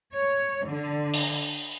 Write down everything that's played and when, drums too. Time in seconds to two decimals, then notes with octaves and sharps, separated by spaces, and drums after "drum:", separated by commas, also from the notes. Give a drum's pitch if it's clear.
0.13 C#5
0.67 D3
1.14 drum: open hi-hat